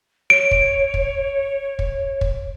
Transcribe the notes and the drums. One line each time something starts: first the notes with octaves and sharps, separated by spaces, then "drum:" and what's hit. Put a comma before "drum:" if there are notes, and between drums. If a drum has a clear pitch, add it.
C#5 D7
drum: kick
drum: kick
drum: kick
drum: kick